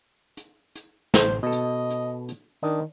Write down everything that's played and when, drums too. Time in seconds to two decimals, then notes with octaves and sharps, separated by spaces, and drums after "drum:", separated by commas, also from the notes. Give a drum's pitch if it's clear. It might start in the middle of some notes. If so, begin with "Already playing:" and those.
0.37 drum: hi-hat
0.75 drum: hi-hat
1.14 A1 C5, drum: snare
1.43 B2 A4 D#5
1.52 drum: hi-hat
1.90 drum: hi-hat
2.29 drum: hi-hat
2.63 D#3 D4 D#5